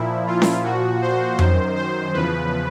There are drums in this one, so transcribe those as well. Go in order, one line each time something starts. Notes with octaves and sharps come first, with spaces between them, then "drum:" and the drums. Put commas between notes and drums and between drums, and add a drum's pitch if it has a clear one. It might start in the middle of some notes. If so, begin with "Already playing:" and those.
Already playing: A#2 F3 E4
F4
drum: snare C#4
A#2 F3 F#4
C5
F#2 D#3 C5, drum: tom F2
C5
E2 C#3 F3 B4